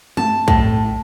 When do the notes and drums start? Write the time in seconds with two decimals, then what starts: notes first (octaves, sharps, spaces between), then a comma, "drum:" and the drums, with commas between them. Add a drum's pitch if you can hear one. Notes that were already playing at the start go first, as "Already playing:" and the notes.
0.17 A5, drum: tom G#3
0.48 A2, drum: kick